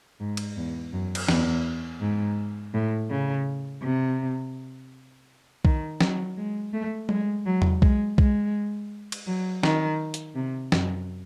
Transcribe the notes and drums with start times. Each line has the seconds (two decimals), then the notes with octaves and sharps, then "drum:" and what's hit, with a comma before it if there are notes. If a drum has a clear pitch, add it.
0.20 G#2
0.37 drum: cymbal
0.56 E2
0.93 F#2
1.15 drum: cymbal
1.28 E2, drum: snare
2.01 G#2
2.74 A2
3.10 C#3
3.83 C3
5.65 D#3, drum: kick B1
6.01 F#3, drum: snare
6.37 G#3
6.73 A3
7.09 G#3, drum: tom F#3
7.46 F#3
7.62 drum: tom E2
7.82 G#3, drum: kick B1
8.18 G#3, drum: kick B1
9.12 drum: cymbal
9.27 F#3
9.63 D#3, drum: snare
10.14 drum: hi-hat
10.36 C3
10.72 F#2, drum: snare